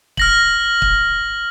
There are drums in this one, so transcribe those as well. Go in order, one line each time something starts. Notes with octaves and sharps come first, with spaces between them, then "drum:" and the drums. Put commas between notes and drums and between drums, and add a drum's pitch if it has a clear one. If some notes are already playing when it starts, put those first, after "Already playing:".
F6 A#6 F#7, drum: kick
drum: kick